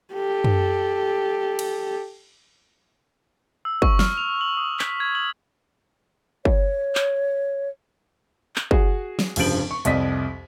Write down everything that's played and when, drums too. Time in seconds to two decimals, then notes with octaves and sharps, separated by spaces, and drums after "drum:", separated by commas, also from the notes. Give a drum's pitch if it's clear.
0.14 G4 A4
0.44 drum: tom F#2
1.59 drum: cymbal
3.65 E6
3.82 C#6, drum: kick
3.99 F6, drum: snare
4.18 F7
4.41 F#7
4.57 D#6
4.79 B6, drum: clap
5.00 G#6
5.15 F#7
6.45 C#5, drum: kick
6.95 drum: clap
8.56 drum: clap
8.71 F#4 G#4, drum: kick
9.19 drum: snare
9.36 F1 G2 C#3 F3 D7 F#7, drum: cymbal
9.71 C#6
9.85 C2 F2 D5 D#5 B6, drum: hi-hat